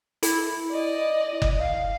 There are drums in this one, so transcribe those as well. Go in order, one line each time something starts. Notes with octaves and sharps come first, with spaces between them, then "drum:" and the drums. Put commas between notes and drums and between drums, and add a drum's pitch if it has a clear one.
E4, drum: hi-hat
D5 D#5
drum: kick F#1
F5